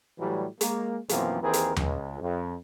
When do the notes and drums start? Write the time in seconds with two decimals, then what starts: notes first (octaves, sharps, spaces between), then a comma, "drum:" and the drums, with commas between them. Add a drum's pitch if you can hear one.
0.19 A2 E3 F#3 G3
0.61 G#3 A#3, drum: hi-hat
1.09 F#2 B2 E3 F3 A#3 C4, drum: hi-hat
1.42 D#2 E3 C4 G#4 A#4
1.53 drum: hi-hat
1.76 C#2, drum: tom D#2
2.20 F2